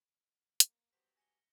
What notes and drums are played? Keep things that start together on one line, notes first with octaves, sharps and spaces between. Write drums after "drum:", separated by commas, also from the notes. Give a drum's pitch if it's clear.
A#3, drum: hi-hat
F#3 B3 G4 C5 B6
G#5 A#6 C#7 G7